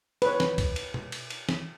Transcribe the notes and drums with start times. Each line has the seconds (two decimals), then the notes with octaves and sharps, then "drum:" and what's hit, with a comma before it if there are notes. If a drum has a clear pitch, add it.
0.22 B4 C#5, drum: cymbal
0.40 drum: snare
0.58 drum: kick C#2, cymbal
0.76 drum: cymbal
0.94 drum: tom B2
1.12 drum: cymbal
1.30 drum: cymbal
1.49 drum: snare